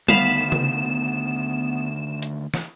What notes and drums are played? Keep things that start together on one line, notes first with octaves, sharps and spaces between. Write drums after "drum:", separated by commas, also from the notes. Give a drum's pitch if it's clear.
D2 D#3 B3 F5 B5 E7, drum: tom G3
drum: tom C#3
drum: hi-hat
drum: snare